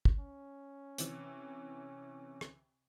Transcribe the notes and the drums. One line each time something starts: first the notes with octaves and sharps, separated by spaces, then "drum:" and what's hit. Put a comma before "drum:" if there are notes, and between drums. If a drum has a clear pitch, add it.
drum: kick
C#4
C3 E3, drum: hi-hat
drum: rim click